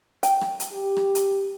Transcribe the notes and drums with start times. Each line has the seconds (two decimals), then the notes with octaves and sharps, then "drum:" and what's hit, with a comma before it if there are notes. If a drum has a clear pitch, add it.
0.23 G5, drum: hi-hat
0.41 drum: rim click
0.60 drum: hi-hat
0.72 G4
0.97 drum: rim click
1.15 drum: hi-hat